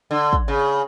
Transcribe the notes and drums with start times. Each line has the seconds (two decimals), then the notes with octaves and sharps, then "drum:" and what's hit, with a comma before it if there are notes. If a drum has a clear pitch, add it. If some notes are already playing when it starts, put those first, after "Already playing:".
0.11 D3
0.33 drum: kick
0.48 C#3